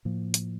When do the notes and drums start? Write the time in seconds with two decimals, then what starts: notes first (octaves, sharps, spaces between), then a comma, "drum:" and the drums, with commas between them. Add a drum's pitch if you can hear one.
0.05 A2 F3 A#3
0.34 drum: hi-hat